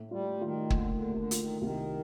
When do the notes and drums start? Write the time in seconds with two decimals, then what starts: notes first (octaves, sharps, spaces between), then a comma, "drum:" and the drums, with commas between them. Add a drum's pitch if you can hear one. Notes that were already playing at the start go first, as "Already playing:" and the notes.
Already playing: A2
0.11 G3 F4
0.41 D#3 F4
0.70 D3 A#3, drum: kick
0.93 D3
1.01 A#3
1.07 C3
1.16 D3
1.31 F4, drum: hi-hat
1.38 D#3
1.61 C2 D#3